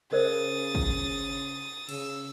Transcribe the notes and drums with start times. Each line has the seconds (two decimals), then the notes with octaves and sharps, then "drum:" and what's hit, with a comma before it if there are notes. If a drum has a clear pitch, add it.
0.13 C#3 A#4 C5 D5 D#6 A6
0.75 drum: kick
1.89 C#3 E6, drum: cymbal